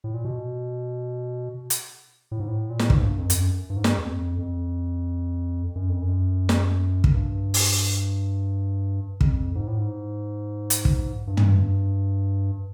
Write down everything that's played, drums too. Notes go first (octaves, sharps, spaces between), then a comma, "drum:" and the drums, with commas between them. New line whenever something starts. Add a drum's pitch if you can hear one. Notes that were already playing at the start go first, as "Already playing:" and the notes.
A2
A#2
B2
drum: hi-hat
A2
G#2
A2
A#2
A2, drum: snare
G#2, drum: kick
G2
F2
F2, drum: hi-hat
F#2
G2
G#2
G2, drum: snare
E2
F2
F2
F#2
F2
F#2
drum: snare
drum: kick
G2
drum: open hi-hat
F2, drum: kick
G#2
A2
G#2
drum: hi-hat
drum: kick
G2
drum: tom